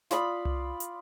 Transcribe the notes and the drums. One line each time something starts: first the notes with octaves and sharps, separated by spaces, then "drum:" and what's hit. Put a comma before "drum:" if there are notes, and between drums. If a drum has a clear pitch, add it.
F4 D5 B5 D#6, drum: snare
drum: tom C2
drum: hi-hat